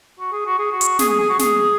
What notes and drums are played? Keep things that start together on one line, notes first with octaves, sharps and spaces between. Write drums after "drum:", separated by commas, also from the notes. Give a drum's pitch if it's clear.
F#4
G#4
F#4
G#4
F#4
drum: hi-hat
G#4, drum: snare
G#4
G#4
F#4
G#4, drum: snare